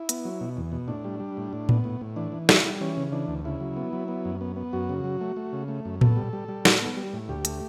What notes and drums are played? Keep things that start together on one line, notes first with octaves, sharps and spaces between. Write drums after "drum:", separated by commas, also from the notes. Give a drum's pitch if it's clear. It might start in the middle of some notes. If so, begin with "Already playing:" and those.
Already playing: E4
B3, drum: hi-hat
F#3
B2
E2
B2
A2 D4
G3
G3
A2
A2
B3, drum: tom A2
A2
A2
E3 D4
E3
G3 E4, drum: snare
G3
E3 C#4
C#3
E3 D4
D2
C#3 E4
F#3
B3
F#3
B3
F#2
B3
B3
F#2 F#4
C#3
F#3
A3
A3
C#3
A3
F#2
B3 A4, drum: tom A2
G3
G3
G3
A2, drum: snare
B3
G3
A2
D2 G4
A3, drum: hi-hat